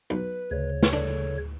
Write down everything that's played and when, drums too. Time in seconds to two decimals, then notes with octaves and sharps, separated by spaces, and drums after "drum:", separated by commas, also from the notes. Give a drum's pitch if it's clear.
0.10 B1 B4
0.51 D2 C#3 C#5
0.83 drum: snare
0.93 D4 A4